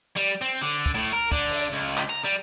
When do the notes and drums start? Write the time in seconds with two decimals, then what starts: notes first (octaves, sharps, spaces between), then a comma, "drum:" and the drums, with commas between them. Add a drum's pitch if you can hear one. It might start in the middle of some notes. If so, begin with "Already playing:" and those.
0.16 G3, drum: hi-hat
0.41 C4
0.61 D3
0.86 drum: kick
0.95 A2
1.13 A#4
1.32 D3, drum: kick
1.51 drum: cymbal
1.73 C#2
1.98 drum: clap
2.10 A#5
2.25 G3